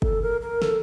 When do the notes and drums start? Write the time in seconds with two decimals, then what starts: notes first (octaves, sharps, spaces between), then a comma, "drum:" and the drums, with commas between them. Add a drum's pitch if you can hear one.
0.02 A4, drum: kick
0.22 A#4
0.41 A#4
0.62 A4, drum: snare